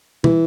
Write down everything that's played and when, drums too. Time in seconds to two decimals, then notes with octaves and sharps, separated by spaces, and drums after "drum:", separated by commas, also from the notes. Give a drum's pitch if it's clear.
0.24 E3, drum: tom